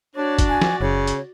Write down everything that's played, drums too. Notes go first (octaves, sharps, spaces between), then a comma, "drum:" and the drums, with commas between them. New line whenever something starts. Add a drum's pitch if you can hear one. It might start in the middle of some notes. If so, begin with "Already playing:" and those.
D4 F#4 C#5 D5
drum: kick, hi-hat
G#5
drum: snare F3
F#1 C#3 C#5
drum: hi-hat